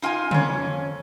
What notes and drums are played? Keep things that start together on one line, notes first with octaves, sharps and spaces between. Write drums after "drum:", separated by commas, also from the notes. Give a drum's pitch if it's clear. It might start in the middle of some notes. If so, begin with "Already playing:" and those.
D#4 F4 G5 G#5
F2 C#4, drum: tom C#3